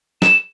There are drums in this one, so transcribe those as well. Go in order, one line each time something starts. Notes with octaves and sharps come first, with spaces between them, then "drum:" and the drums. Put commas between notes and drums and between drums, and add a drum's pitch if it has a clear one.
E7, drum: snare